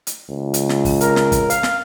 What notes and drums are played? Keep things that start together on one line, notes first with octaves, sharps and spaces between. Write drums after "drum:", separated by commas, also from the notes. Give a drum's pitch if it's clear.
drum: hi-hat
C#2
drum: hi-hat
drum: snare
drum: kick, open hi-hat
A#4, drum: hi-hat
drum: snare
drum: kick, hi-hat
F5, drum: hi-hat
drum: snare